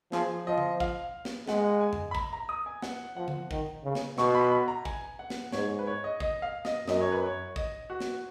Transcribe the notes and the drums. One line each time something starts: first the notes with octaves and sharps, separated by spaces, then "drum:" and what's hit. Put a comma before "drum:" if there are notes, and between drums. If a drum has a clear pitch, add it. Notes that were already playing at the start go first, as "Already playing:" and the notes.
F3 G#4, drum: snare
F3 D#5
drum: tom D3
F5, drum: kick
drum: snare
G#3 F#5, drum: snare
G#5
drum: tom F2
B5
A#5, drum: kick
A#5
D#6
G#5
F#5, drum: snare
F3 F#5
drum: tom D3
D#3, drum: kick
C#3
drum: snare
B2 C#6, drum: snare
B5
B5
A#5
G#5, drum: kick
F#5
drum: snare
G#2 C#5, drum: snare
B4
C#5
D#5
D#5, drum: kick
F5
D#5, drum: snare
F#2 D#5, drum: snare
C#5
B4
C#5
D#5, drum: kick
F#4
drum: snare